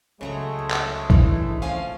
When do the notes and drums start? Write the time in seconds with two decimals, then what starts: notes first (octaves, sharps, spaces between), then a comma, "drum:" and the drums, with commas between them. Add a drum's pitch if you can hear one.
0.21 C#2 C#3 F#3 G#3 A3 A#5
0.59 D2
0.71 drum: clap
1.10 G#1 E3 D4, drum: kick B1
1.62 F3 C4 C#4 F5 G#5